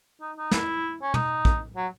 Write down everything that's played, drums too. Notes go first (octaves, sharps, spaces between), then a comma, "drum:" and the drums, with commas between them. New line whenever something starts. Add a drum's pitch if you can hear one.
D#4
D#4
E4, drum: snare
C#4
D#4, drum: tom
drum: kick
F#3